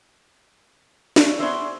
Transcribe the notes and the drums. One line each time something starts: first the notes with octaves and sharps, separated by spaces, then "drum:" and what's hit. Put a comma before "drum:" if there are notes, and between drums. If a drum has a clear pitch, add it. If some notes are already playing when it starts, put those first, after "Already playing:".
E3 C4 D4 C#5, drum: snare
B3 C#4 G#4 C5 D5 E5